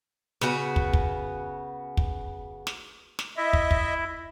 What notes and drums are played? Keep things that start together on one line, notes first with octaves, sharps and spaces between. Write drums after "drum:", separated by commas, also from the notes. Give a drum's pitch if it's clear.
C#3 B3 F#4, drum: snare
drum: kick
drum: kick
drum: kick
drum: snare
drum: snare
E4 D#5 E5
drum: kick
drum: kick